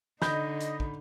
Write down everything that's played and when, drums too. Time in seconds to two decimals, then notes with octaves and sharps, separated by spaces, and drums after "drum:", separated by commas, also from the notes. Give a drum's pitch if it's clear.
0.22 D3 D#4 D#5 B5 G6, drum: snare
0.60 drum: hi-hat
0.80 drum: kick